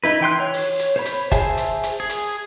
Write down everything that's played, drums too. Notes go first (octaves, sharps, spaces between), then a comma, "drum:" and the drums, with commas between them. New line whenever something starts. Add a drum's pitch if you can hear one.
D#4 E4 B4
E3 G5 C6 F#6
C#5
drum: open hi-hat
drum: hi-hat
C5 C#5 B5
drum: hi-hat
G#4 C5 E5 G#5 A5, drum: kick G1, hi-hat
drum: hi-hat
drum: hi-hat
G#4
drum: hi-hat